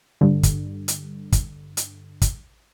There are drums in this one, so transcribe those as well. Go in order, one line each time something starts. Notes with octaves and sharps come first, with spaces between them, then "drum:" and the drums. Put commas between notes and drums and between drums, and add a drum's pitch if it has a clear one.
G2 D3
drum: kick, hi-hat
drum: hi-hat
drum: kick, hi-hat
drum: hi-hat
drum: kick, hi-hat